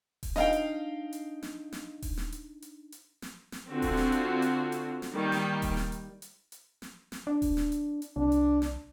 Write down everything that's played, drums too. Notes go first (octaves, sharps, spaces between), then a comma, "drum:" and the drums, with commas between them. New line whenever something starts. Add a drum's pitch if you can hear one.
drum: kick D#1, open hi-hat
D4 D#4 D#5 F5 G5, drum: snare
drum: hi-hat
drum: hi-hat
drum: snare
drum: snare
drum: kick D#1, open hi-hat
drum: snare
drum: hi-hat
drum: hi-hat
drum: hi-hat
drum: snare
drum: snare
D3 C4 F4 F#4
drum: kick D#1, open hi-hat
drum: snare
drum: hi-hat
drum: hi-hat
drum: hi-hat
drum: snare
D#3 G3 A#3 G5
drum: snare
drum: kick D#1, open hi-hat
drum: snare
drum: hi-hat
drum: hi-hat
drum: hi-hat
drum: snare
drum: snare
D4
drum: kick D#1, open hi-hat
drum: snare
drum: hi-hat
drum: hi-hat
C2 D4
drum: hi-hat
drum: snare